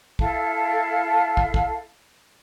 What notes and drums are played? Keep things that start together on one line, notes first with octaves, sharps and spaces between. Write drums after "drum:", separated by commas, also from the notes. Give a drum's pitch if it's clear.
E4 A4 F5 A5, drum: kick
drum: kick
drum: kick